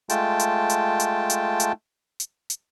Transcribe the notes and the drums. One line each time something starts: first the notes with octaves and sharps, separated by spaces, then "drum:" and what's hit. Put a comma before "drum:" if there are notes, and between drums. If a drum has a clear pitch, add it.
G#3 A3 F4 G5 A5, drum: hi-hat
drum: hi-hat
drum: hi-hat
drum: hi-hat
drum: hi-hat
drum: hi-hat
drum: hi-hat
drum: hi-hat